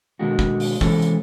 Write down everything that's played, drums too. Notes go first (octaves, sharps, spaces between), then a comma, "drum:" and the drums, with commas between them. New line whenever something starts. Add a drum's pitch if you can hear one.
B2 D3 D#3 G#3 F#4
drum: kick
drum: open hi-hat
C3 E3 G#3 C#4 G#4 A4, drum: kick
drum: hi-hat